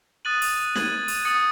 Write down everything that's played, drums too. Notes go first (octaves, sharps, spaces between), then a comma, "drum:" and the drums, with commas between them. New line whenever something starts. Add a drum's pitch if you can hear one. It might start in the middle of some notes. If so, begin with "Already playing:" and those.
D#6 F#6 A6 D#7 F#7
drum: open hi-hat
G#6 D#7 F#7, drum: snare
drum: open hi-hat
D#6 A6 C#7 F#7